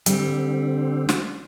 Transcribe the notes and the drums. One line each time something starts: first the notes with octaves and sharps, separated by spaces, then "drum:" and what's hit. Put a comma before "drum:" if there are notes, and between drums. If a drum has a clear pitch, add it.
D3 G3 C4, drum: hi-hat
drum: snare